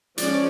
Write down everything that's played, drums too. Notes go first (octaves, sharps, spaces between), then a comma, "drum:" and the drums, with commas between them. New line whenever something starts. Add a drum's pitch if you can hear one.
F3 G#3 C#4 D5, drum: hi-hat